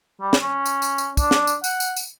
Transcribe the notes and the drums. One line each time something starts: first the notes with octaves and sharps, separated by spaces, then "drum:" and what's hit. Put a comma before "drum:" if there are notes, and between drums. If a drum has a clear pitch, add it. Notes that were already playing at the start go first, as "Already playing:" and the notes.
G3
drum: snare
C#4
drum: tambourine
drum: tambourine
drum: tambourine
D4, drum: kick, tambourine
drum: snare
drum: tambourine
F#5, drum: tambourine
drum: tambourine
drum: tambourine